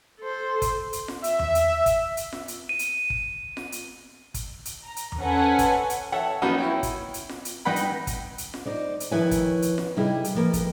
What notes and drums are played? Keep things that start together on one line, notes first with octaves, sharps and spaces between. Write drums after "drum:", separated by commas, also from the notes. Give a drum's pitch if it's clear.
A4 C5
drum: kick, hi-hat
drum: hi-hat
drum: snare F4
E5, drum: hi-hat
drum: tom E2
drum: hi-hat
drum: kick, hi-hat
drum: hi-hat
drum: snare F4
drum: hi-hat
D#7
drum: hi-hat
drum: kick
drum: snare F4
drum: hi-hat
drum: kick, hi-hat
drum: hi-hat
A#5
drum: hi-hat
drum: tom E2
C#4 A4 B4 C5 F#5 G#5
drum: kick, hi-hat
drum: hi-hat
A4 C#5 E5 F#5
F#3 A#3 B3 C#4 D#4 F#4
E4 C#5 G5
drum: kick, hi-hat
drum: hi-hat
drum: snare F4
drum: hi-hat
G2 D#4 B4 F#5 G5 B5
drum: hi-hat
drum: kick, hi-hat
drum: hi-hat
drum: snare F4
D#4 C5 D5
drum: hi-hat
D#3 F3 E4 B4 C#5 G#5
drum: kick, hi-hat
drum: hi-hat
drum: snare F4
C3 G3 D#4 E4 G#4
drum: hi-hat
F3 A#3 B4
F2, drum: kick, hi-hat